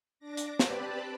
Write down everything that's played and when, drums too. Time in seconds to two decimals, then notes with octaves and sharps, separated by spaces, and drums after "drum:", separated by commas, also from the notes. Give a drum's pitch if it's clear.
0.19 D4 D6 A#6
0.37 drum: hi-hat
0.59 C4 G4 B4 D5 A5 B5, drum: snare